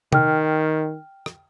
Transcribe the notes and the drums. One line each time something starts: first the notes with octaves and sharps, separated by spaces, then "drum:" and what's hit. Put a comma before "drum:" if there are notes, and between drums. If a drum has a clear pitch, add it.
D#3 G5 F6, drum: tom C3
drum: rim click